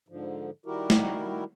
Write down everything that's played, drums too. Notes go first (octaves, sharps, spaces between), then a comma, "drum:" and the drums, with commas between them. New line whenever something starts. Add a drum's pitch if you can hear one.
G#2 D3 F3
D#3 G3 E4 F#4 G4 A#4
drum: snare